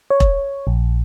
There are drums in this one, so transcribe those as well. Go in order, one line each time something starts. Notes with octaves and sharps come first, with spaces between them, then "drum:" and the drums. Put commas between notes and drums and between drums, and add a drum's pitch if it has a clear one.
C#5
drum: kick E1
A#1